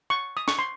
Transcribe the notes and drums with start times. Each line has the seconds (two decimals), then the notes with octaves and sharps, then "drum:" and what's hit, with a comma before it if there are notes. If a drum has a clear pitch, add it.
0.10 C#6
0.37 D#6
0.48 C#6, drum: snare
0.59 C6